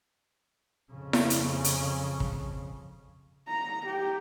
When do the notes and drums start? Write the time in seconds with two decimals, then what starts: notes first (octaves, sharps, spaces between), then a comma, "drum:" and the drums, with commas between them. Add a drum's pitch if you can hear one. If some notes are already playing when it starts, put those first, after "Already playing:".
0.92 F2 C#3
1.13 drum: snare E4
1.30 drum: hi-hat
1.64 drum: hi-hat
2.20 drum: kick
3.48 A#5
3.86 G4